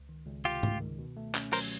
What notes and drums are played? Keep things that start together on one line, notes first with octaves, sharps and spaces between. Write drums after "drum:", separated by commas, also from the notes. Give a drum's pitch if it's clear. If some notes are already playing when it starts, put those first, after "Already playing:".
Already playing: C#2
D#3
C#2
C3 F4 G4
C#2, drum: tom G#2
D#3
B2
A3
C#4, drum: clap
F#3 A#4 C5, drum: cymbal